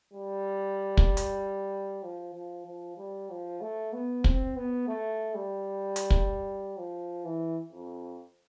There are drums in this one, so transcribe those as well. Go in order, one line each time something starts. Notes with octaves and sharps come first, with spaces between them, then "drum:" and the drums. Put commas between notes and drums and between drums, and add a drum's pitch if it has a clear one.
G3
drum: kick
drum: hi-hat
F3
F3
F3
G3
F3
A3
B3
C4, drum: kick
B3
A3
G3
drum: hi-hat
drum: kick
F3
E3
F2